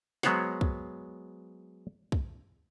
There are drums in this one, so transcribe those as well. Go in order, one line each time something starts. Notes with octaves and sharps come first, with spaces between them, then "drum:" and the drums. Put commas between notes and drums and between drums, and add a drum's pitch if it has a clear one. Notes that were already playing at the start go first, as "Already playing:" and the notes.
F#3 G#3 B3 C5 C#5 F#5, drum: snare
drum: kick
drum: kick